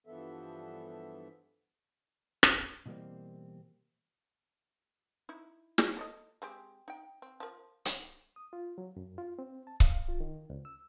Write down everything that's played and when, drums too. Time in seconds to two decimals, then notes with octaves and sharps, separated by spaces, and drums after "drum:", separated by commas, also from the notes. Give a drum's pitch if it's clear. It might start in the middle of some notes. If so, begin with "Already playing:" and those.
0.07 G2 E3 F3 B3 A4 E5
2.43 drum: rim click
2.86 B2 E3 G3 A#3 C4
5.29 D#4 E4
5.78 drum: snare
5.97 A4 D5 D#5
6.42 G#3 C4 G4
6.88 D#4 G5
7.22 C4
7.40 F3 A#4
7.85 drum: hi-hat
8.36 D#6
8.53 F4
8.78 F#3
8.97 F#2
9.18 F4
9.39 C4
9.67 A5
9.80 F5, drum: kick C#1
10.09 F4
10.20 D#3
10.50 C#2
10.65 E6